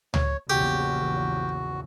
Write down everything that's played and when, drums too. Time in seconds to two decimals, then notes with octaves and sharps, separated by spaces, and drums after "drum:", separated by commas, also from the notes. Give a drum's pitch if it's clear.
0.14 C#5, drum: tom C#2
0.50 A#1 E2 C#3 F#4 G4